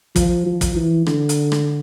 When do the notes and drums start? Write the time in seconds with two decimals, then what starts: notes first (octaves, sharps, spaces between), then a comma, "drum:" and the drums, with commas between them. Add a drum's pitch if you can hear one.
0.16 F3, drum: kick, hi-hat
0.46 F3
0.61 drum: kick, hi-hat
0.76 E3
1.06 D3, drum: rim click
1.29 drum: hi-hat
1.52 drum: rim click